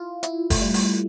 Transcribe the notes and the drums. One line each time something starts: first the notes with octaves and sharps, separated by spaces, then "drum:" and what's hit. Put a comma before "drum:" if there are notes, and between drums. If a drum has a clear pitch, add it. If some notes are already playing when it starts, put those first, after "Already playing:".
Already playing: E4 F4
E4, drum: hi-hat
A3, drum: kick F#1, open hi-hat
G3
drum: open hi-hat